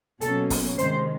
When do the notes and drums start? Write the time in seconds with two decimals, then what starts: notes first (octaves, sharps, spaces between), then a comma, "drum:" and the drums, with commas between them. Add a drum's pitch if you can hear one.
0.21 B2 F#3 A#3 C#4 A4, drum: hi-hat
0.50 drum: kick, open hi-hat
0.78 C3 D#3 G#3 C5, drum: hi-hat